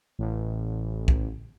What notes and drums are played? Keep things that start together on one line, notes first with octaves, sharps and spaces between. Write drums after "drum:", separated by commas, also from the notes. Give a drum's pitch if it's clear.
A1
drum: kick B1